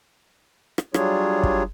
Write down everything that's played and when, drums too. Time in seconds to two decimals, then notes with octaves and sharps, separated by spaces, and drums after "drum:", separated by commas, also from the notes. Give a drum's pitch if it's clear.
0.78 drum: rim click
0.94 F#3 G3 D4 F4 G#4 C#5, drum: rim click
1.43 drum: kick